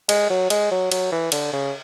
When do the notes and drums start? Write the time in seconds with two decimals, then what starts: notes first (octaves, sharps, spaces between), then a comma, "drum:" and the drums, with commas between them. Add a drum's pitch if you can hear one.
0.09 G#3, drum: cymbal
0.30 F#3
0.50 G#3, drum: cymbal
0.71 F#3
0.92 F#3, drum: cymbal
1.12 E3
1.32 D3, drum: cymbal
1.53 C#3